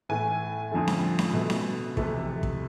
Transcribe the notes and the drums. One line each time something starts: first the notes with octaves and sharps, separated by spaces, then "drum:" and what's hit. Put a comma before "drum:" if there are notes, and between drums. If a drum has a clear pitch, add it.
A2 E3 A3 G#5
F2 D3 F3 A3
drum: snare C#4
drum: snare C#4
B2 A3
drum: snare C#4
F2 C3 E3 A3, drum: kick
drum: kick